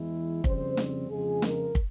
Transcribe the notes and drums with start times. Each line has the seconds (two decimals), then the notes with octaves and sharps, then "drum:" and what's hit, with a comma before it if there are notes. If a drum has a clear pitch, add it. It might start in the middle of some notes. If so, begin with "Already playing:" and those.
Already playing: E2 E3 G#3 E4
0.44 F2 C#3 G3 C4 C5, drum: kick
0.77 drum: snare
1.09 F2 C#3 F3 G#3 G#4
1.42 A#4, drum: snare
1.75 drum: kick